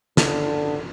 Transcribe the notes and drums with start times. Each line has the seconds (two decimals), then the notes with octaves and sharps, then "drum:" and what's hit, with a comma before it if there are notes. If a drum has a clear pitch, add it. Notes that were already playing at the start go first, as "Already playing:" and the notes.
0.17 D3, drum: snare